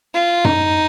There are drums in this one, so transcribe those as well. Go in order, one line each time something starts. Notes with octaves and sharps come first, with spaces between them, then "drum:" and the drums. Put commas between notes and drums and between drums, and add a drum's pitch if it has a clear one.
F4
D#4, drum: tom F#2